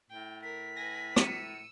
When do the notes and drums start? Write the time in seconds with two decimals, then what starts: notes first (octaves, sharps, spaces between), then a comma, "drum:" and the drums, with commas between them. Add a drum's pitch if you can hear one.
0.11 A2 G5
0.43 A#4 B6
0.77 B4 G#5 A#6
1.16 E6 C#7 D#7, drum: rim click